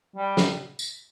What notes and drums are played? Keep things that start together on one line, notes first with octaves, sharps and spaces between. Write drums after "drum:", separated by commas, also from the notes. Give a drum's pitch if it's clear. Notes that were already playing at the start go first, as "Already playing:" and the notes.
G3
drum: snare
drum: tambourine